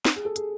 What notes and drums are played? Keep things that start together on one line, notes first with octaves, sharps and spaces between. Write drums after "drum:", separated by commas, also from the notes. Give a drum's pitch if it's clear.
drum: snare
G#4
A4
G#4, drum: hi-hat